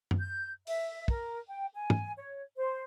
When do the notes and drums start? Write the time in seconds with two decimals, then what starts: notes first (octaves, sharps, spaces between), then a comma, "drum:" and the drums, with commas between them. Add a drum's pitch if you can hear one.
0.11 drum: tom F#2
0.20 G6
0.67 E5, drum: open hi-hat
1.08 A#4, drum: kick
1.48 G5
1.74 G#5
1.90 drum: tom
2.17 C#5
2.57 C5